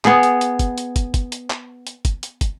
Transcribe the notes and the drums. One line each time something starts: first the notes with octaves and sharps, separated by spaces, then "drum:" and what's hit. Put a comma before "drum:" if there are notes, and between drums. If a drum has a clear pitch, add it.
B3 G#4, drum: clap
drum: hi-hat
drum: hi-hat
drum: kick, hi-hat
drum: hi-hat
drum: kick, hi-hat
drum: kick, hi-hat
drum: hi-hat
drum: clap
drum: hi-hat
drum: kick, hi-hat
drum: hi-hat
drum: kick, hi-hat